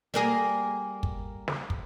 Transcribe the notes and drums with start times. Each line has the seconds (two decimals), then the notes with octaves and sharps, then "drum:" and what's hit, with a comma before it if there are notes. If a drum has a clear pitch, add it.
0.14 G3 A#3 G#4
1.03 drum: kick
1.48 drum: snare
1.70 drum: kick